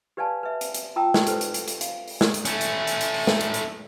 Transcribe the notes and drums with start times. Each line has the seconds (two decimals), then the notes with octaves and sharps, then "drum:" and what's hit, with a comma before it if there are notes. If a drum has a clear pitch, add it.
0.17 G4 B4 D5 F5 G#5 A5
0.43 B4 E5
0.61 drum: hi-hat
0.74 drum: hi-hat
0.96 F4 G5 A5 A#5 D#6 E6
1.14 drum: snare
1.27 G4 A4 B4 C5, drum: hi-hat
1.41 drum: hi-hat
1.54 drum: hi-hat
1.68 drum: hi-hat
1.81 F5, drum: hi-hat
2.08 drum: open hi-hat
2.21 drum: snare
2.34 drum: hi-hat
2.45 A3 C#4, drum: hi-hat
2.61 drum: hi-hat
2.87 drum: hi-hat
3.01 drum: hi-hat
3.14 drum: open hi-hat
3.27 drum: snare
3.41 drum: hi-hat
3.54 drum: hi-hat